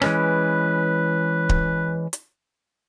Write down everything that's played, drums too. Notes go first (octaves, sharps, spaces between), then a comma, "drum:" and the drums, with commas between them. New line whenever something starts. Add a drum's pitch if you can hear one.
E3 G#3 C#4 B4, drum: rim click
drum: kick D1
drum: hi-hat